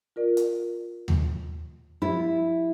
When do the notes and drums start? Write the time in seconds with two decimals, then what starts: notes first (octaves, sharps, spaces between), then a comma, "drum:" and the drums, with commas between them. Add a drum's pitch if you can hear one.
0.16 F4 A#4 D5
0.37 drum: hi-hat
1.08 drum: tom D#2
2.02 F3 E4 G4